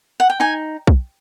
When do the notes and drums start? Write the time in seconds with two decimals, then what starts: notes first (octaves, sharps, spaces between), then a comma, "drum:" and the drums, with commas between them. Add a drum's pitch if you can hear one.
0.20 F#5
0.30 G5
0.40 D#4 G#5
0.87 drum: kick